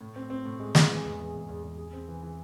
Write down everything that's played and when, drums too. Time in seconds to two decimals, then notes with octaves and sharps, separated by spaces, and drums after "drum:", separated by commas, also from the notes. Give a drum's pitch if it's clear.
0.01 A2
0.16 C4
0.30 C4
0.45 A2
0.60 G#3
0.75 G#3, drum: snare
0.90 E3
1.05 E2
1.19 E3
1.34 E2
1.49 E2
1.63 E2
1.78 G#4
1.93 C4
2.08 E3
2.23 E3